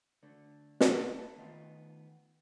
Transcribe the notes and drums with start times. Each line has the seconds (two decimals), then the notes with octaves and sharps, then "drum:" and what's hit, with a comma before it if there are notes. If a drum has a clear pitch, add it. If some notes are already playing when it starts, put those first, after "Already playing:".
0.23 D3 A3
0.80 drum: snare
1.16 A4 B4 C#5 E5 A5
1.38 D#3 A3 B3 F4